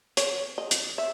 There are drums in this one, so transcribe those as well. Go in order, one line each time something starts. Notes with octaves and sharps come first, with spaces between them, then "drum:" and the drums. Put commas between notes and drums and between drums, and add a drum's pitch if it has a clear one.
C#5, drum: hi-hat
D#5
drum: hi-hat
E5